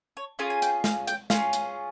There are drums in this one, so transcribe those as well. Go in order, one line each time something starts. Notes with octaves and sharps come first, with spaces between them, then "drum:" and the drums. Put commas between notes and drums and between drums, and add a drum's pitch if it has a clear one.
C#5
C#4 F4 G#4 G#5
G#5
G5, drum: hi-hat
F5, drum: snare
G5, drum: hi-hat
C#4 F4 G#4 F5, drum: snare
drum: hi-hat